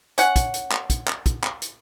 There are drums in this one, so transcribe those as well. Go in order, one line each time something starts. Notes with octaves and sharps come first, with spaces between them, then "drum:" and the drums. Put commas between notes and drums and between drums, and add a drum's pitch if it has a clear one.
C#4 F#5, drum: hi-hat
drum: kick, hi-hat
drum: hi-hat
drum: clap
drum: kick, hi-hat
drum: clap
drum: kick, hi-hat
drum: clap
drum: hi-hat